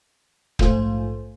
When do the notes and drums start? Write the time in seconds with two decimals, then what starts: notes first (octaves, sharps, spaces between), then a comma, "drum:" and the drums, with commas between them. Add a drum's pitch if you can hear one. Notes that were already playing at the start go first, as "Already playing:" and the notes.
0.59 A#1 G#2 A3 F4 C5 G#5, drum: kick